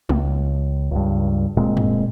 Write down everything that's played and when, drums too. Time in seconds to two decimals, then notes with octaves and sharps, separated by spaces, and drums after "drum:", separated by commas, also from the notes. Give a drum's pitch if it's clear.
0.09 C#2, drum: tom
0.91 C#2 G2
1.57 D1 A#2 G#3 C4
1.77 drum: tom